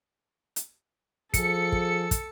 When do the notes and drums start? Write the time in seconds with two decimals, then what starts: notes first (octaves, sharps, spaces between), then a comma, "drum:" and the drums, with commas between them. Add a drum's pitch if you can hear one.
0.56 drum: hi-hat
1.34 F3 G#4 A4 C#7, drum: kick, hi-hat
1.72 drum: kick
2.11 drum: kick, hi-hat